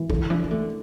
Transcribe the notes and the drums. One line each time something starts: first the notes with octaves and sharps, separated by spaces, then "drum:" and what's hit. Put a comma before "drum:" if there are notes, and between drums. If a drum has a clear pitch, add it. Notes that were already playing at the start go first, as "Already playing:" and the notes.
Already playing: E3
C#3 A4, drum: kick
E3 D4
E3
D3 A3